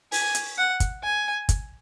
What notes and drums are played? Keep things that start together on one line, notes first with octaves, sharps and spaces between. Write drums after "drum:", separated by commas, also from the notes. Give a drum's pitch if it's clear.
G#5, drum: open hi-hat
drum: hi-hat
F#5
drum: kick, hi-hat
G#5
drum: kick, hi-hat